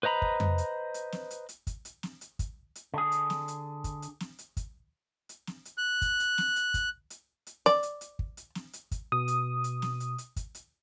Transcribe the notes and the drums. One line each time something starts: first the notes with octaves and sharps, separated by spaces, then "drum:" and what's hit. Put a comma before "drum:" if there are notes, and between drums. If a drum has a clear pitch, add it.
B4 C5 D#5 A#5 B5
drum: kick
drum: tom F2
drum: hi-hat
drum: hi-hat
drum: snare
drum: hi-hat
drum: hi-hat
drum: kick, hi-hat
drum: hi-hat
drum: snare
drum: hi-hat
drum: kick, hi-hat
drum: hi-hat
D3 G#4
drum: hi-hat
drum: snare
drum: hi-hat
drum: kick, hi-hat
drum: hi-hat
drum: snare
drum: hi-hat
drum: kick, hi-hat
drum: hi-hat
drum: snare
drum: hi-hat
F#6
drum: kick, hi-hat
drum: hi-hat
drum: snare
drum: hi-hat
drum: kick, hi-hat
drum: hi-hat
drum: hi-hat
D5, drum: snare
drum: hi-hat
drum: hi-hat
drum: kick
drum: hi-hat
drum: snare
drum: hi-hat
drum: kick, hi-hat
B2 D#6
drum: hi-hat
drum: hi-hat
drum: snare
drum: hi-hat
drum: hi-hat
drum: kick, hi-hat
drum: hi-hat